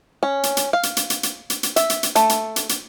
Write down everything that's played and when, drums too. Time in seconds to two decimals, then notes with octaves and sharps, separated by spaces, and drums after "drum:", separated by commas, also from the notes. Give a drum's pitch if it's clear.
0.23 C#4
0.43 drum: hi-hat
0.57 drum: hi-hat
0.73 F5
0.83 drum: hi-hat
0.97 drum: hi-hat
1.10 drum: hi-hat
1.23 drum: hi-hat
1.50 drum: hi-hat
1.63 drum: hi-hat
1.76 E5, drum: hi-hat
1.90 drum: hi-hat
2.03 drum: hi-hat
2.15 A3, drum: hi-hat
2.29 drum: hi-hat
2.56 drum: hi-hat
2.69 drum: hi-hat